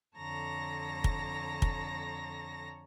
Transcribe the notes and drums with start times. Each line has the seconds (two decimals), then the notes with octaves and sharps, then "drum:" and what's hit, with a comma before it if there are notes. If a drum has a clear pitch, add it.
0.18 F2 D3 C#5 A5 A#5 A#6
1.04 drum: kick
1.62 drum: kick